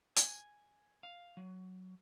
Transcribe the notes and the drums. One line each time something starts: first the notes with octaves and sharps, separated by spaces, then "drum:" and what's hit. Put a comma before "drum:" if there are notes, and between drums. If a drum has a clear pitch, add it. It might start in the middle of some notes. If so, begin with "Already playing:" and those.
G#5, drum: hi-hat
F5
F#3